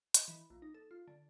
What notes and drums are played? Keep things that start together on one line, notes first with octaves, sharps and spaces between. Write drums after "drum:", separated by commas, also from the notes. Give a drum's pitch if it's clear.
D#5, drum: hi-hat
E3
A#1
D#4
A4
F4
D3